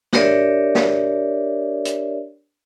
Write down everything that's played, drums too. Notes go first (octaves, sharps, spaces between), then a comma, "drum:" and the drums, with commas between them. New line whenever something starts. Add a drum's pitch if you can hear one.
D4 G4 A#4 C#5 D5 E5, drum: snare
drum: snare
drum: hi-hat